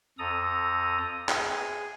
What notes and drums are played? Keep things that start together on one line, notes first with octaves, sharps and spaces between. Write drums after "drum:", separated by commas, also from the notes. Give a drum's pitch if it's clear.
F2 A4 A#5 D#6
G#4, drum: clap